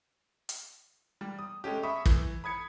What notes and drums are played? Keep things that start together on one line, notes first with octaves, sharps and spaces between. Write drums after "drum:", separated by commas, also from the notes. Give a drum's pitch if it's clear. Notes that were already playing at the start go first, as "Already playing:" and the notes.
drum: hi-hat
G3
D#6
G#3 A3 C#4 G4
E5 B5 C#6 D#6
E3, drum: kick
B5 D#6 G#6 C#7